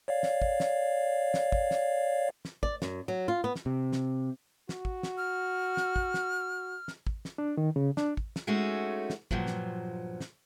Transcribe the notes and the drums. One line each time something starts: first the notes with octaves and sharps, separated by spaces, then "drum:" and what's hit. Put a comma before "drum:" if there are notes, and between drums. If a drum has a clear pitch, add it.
C#5 D5 F5
drum: snare
drum: kick
drum: snare
drum: snare
drum: kick
drum: snare
drum: snare
D5, drum: kick
F#2, drum: snare
F#3
F4
B3
drum: snare
C3
drum: snare
F#4, drum: snare
drum: kick
drum: snare
F6
drum: snare
drum: kick
drum: snare
drum: snare
drum: kick
drum: snare
D4
D#3
C#3
D4, drum: snare
drum: kick
drum: snare
G#3 A3 C#4 D#4 F#4
drum: snare
G2 A#2 F3 F#3, drum: kick
drum: snare
drum: snare